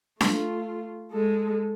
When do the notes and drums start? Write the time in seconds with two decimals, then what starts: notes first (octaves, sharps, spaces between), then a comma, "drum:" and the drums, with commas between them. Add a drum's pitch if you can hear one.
0.21 A3 F4, drum: snare D4
1.11 G#3 A4